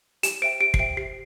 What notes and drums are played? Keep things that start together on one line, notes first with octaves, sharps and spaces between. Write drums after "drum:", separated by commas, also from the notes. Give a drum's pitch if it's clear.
G4 E7, drum: hi-hat
C5 E5 G5 D7
G4 D7
C7, drum: kick
C5 E5 G5 D7
G4 C7